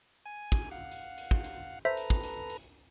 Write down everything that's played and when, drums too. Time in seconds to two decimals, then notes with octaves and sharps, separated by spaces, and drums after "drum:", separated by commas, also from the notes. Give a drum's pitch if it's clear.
0.26 G#5
0.52 drum: kick
0.71 F5 F#5
0.91 drum: hi-hat
1.18 drum: hi-hat
1.31 drum: kick
1.44 drum: hi-hat
1.85 A4 B4 C5 E5 A#5
1.97 drum: hi-hat
2.10 drum: kick
2.23 drum: hi-hat
2.50 drum: hi-hat